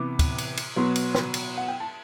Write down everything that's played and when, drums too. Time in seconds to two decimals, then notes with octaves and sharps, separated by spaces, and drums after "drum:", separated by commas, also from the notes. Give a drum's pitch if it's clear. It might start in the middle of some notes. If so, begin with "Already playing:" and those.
Already playing: C3 E3 B3 D6
0.19 drum: kick, cymbal
0.38 drum: cymbal
0.57 drum: cymbal
0.76 B2 F#3 B3 C6
0.96 drum: cymbal
1.15 drum: snare
1.34 drum: cymbal
1.58 F#5
1.68 G5
1.80 A5